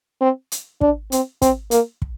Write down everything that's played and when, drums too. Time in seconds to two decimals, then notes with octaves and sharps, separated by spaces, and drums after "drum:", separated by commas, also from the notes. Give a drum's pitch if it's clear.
0.21 C4
0.52 drum: hi-hat
0.81 D4, drum: kick
1.12 C4, drum: hi-hat
1.42 C4, drum: kick, hi-hat
1.71 A#3, drum: hi-hat
2.02 drum: kick